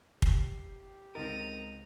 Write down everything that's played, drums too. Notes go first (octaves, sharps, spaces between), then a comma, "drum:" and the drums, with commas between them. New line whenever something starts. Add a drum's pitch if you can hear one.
G4 C7, drum: kick
C#2 C4 D#4 A#4 A#5 A6 D#7